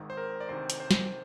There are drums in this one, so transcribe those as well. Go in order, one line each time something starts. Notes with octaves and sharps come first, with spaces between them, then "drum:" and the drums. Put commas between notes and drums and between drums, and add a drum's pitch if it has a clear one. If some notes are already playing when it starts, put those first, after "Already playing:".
Already playing: G#1 G#2 D#3
C5
A#4
D5
D2 C3 D#3 C5
drum: hi-hat
C5
drum: snare